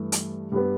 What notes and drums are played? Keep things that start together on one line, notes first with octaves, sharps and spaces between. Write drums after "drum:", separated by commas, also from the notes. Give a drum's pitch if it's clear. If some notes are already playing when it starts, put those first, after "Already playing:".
Already playing: G2 E3 A3
drum: hi-hat
G2 G3 B3